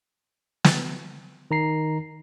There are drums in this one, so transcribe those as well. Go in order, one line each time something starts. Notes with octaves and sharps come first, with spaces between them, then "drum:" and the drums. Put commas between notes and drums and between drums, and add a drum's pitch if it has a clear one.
drum: snare
D#3 A#5 C7